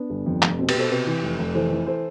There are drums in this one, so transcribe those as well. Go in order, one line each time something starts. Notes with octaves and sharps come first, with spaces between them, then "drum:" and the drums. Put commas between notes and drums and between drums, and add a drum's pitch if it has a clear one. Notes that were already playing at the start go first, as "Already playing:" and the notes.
Already playing: B3 D4
G1
F2
F1, drum: clap
B2 C4
G4 B4, drum: cymbal
B2 A4 C5
C3 G4 B4
E3
F1
F1
E3 A4 C5
E3
A4 C5